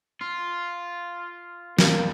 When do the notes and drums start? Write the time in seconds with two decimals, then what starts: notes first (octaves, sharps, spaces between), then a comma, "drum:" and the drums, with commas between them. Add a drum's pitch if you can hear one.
0.21 F4
1.79 E2 G3 A#3, drum: snare